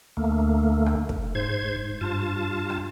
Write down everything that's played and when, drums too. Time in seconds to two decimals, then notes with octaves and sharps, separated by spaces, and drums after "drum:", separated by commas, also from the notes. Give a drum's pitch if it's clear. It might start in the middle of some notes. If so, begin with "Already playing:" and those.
0.17 D2 A3 A#3
0.86 drum: rim click
1.09 drum: kick
1.35 G#2 C5 G#6
2.01 G2 F4 A5
2.70 drum: rim click